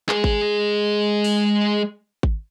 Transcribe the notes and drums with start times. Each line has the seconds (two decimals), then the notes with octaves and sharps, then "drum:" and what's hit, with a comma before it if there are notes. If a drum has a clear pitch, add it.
0.09 G#3 G#4, drum: clap
0.24 drum: kick G#1
1.24 drum: open hi-hat
2.23 drum: kick G#1